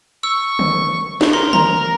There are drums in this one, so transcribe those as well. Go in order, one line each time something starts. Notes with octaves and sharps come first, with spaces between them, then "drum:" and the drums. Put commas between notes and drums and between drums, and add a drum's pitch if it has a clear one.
C#6 E6
drum: tom D3
drum: snare
A#4 C6
A#5, drum: tom D3